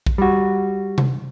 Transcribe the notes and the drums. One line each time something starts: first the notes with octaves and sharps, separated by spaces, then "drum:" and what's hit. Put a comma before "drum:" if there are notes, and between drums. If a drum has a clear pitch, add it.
drum: kick A#1
G3 F#4
drum: tom C3